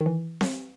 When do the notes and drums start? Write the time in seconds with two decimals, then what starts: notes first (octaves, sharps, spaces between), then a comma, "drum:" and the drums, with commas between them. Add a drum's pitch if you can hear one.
0.01 D#3
0.06 E3
0.41 drum: snare C4